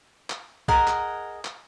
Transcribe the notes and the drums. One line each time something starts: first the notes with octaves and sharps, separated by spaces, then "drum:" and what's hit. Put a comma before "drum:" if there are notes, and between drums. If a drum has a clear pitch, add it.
drum: clap
G#4 A#4 D#5 F#5, drum: kick
drum: clap
drum: clap